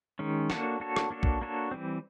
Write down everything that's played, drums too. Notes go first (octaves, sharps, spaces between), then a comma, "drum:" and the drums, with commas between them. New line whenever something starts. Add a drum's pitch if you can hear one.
D#3 G#3 C#4
A#3 D4 F#4 A4 C#5, drum: snare
A#3 D4 F#4 A4 C#5
drum: rim click
A#3 D4 F#4 A4 C#5
drum: kick
A#3 D4 F#4 A4 C#5
E3 G3 C4